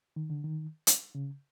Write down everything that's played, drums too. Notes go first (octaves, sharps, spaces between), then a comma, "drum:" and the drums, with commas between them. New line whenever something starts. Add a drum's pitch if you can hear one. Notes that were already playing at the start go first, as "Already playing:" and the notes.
D#3
D3
D#3
drum: hi-hat
C#3